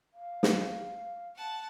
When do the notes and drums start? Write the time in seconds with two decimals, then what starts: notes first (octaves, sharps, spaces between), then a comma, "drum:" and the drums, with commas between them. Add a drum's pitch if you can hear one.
0.14 F5
0.43 drum: snare
1.36 F#5 A5